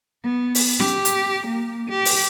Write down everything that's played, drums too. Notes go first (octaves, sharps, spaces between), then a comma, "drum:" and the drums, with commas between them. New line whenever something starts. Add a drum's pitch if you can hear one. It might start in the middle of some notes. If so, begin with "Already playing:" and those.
B3
drum: open hi-hat
G4, drum: snare
drum: hi-hat
A#3
G4
drum: open hi-hat